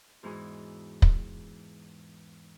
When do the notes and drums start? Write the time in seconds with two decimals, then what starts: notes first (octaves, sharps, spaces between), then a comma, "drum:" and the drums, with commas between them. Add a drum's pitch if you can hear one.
0.23 E2 G#2 E3 F#4 G#4 D#6
1.02 drum: kick